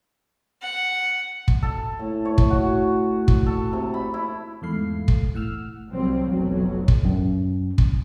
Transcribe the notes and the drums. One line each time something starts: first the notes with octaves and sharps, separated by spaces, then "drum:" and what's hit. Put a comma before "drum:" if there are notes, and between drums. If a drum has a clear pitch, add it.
F#5
drum: kick
A4
A2
C#5
drum: kick
F#4
drum: kick
A4
C3
B5
E4
E2 G#2 A3 F5 C7
drum: kick
A2 F#5 E6 F6
C2 F#3 G3 C4
F1 B1 F#3
drum: kick
F#2
drum: kick